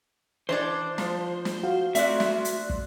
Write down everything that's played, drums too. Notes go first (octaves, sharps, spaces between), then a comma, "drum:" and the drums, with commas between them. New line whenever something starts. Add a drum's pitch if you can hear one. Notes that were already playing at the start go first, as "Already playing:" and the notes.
E3 D4 C5 D5
F3, drum: snare
drum: snare
F#4 F5
A3 C4 F#4 D5 E5 F#6, drum: hi-hat
drum: snare
drum: hi-hat
drum: kick